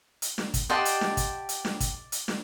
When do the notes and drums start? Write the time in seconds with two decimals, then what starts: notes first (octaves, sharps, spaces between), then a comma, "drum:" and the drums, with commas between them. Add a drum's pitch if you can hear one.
0.22 drum: hi-hat
0.38 drum: snare
0.54 drum: kick, hi-hat
0.69 G4 D5 D#5 F#5 A5 C6
0.85 drum: hi-hat
1.01 drum: snare
1.17 drum: kick, hi-hat
1.49 drum: hi-hat
1.65 drum: snare
1.80 drum: kick, hi-hat
2.12 drum: hi-hat
2.28 drum: snare